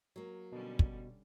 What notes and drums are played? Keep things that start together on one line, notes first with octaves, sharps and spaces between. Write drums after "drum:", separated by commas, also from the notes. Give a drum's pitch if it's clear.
F#3 A#3
B2 D3 G3 C#4
drum: kick